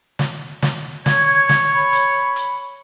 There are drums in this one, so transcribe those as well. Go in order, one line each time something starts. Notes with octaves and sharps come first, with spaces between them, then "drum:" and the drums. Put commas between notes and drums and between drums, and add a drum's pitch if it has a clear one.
drum: snare
drum: snare
C#5 G#6, drum: snare
drum: snare
B5
drum: hi-hat
drum: hi-hat